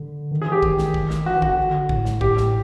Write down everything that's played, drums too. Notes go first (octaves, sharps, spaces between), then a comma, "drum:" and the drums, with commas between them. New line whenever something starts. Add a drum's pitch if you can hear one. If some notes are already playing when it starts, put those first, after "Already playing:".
Already playing: D3
D#3
G#4
E3
G4
D#3, drum: kick
drum: snare
drum: kick
drum: snare
E3 F#4
D#3
F#4, drum: kick
D3
A2, drum: kick
drum: snare
G4, drum: kick
drum: snare